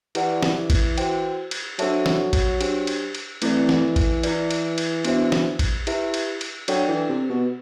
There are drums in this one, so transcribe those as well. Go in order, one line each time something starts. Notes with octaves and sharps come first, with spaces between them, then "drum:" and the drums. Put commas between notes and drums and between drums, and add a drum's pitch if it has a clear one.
E3 E4 G4 B4 D5 F#5, drum: cymbal
drum: snare
drum: kick G#1, cymbal
F#4 C5 G5, drum: cymbal
drum: cymbal
F#3 D4 A4 C5 E5 A5, drum: cymbal
drum: snare
drum: kick G#1, cymbal
D4 G4 C5, drum: cymbal
drum: cymbal
drum: cymbal
E3 A3 C4 E4 A4 D5, drum: cymbal
drum: snare
drum: kick G#1, cymbal
E4 B4 D5, drum: cymbal
drum: cymbal
drum: cymbal
B3 D4 F#4 C5 E5, drum: cymbal
drum: snare
drum: kick G#1, cymbal
E4 G4 B4 E5, drum: cymbal
drum: cymbal
drum: cymbal
F#3 D4 A4 D5 G5, drum: cymbal
E3
C3
B2